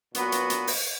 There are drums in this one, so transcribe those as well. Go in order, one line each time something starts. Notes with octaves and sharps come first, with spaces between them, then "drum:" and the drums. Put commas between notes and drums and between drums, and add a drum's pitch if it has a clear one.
A#2 F#3 B3 F#4 B4, drum: hi-hat
drum: hi-hat
drum: hi-hat
drum: open hi-hat